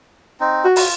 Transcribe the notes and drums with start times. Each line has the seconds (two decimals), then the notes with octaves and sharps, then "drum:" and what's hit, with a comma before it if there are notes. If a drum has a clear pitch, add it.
0.40 C4 D#4
0.65 F#4
0.76 F4, drum: open hi-hat